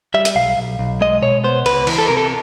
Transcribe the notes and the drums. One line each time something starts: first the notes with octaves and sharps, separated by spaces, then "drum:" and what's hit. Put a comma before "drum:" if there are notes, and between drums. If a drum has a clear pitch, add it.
G3 E5
drum: hi-hat
B1 F5
B1
B1
G#3 D#5
B2 C#5
B3 C5
C#2 B4, drum: cymbal
E3, drum: cymbal
A4
C3 A#4
A4